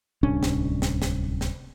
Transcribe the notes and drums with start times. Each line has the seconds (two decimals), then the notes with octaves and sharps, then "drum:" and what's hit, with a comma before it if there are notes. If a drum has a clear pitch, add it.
0.23 D1 C2 C#4 D4
0.43 drum: snare
0.82 drum: snare
1.02 drum: snare
1.41 drum: snare